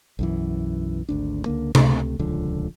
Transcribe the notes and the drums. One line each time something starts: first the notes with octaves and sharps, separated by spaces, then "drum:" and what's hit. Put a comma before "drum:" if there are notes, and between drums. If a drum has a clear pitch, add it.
B1 F#2 E3
G#1 D2 D4
C#2 D3 A#3
C#2 C3 A3, drum: tom C3
D#1 C#2 D3 F3